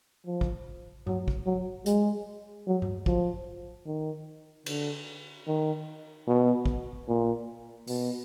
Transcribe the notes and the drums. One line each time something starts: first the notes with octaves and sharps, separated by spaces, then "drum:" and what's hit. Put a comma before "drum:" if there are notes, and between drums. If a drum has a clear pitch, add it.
F3
drum: kick
F#3, drum: tom G2
drum: kick
F#3
G#3, drum: hi-hat
F#3
drum: tom G2
F3, drum: kick
D#3
D3, drum: cymbal
D#3
B2
drum: kick
A#2
B2, drum: open hi-hat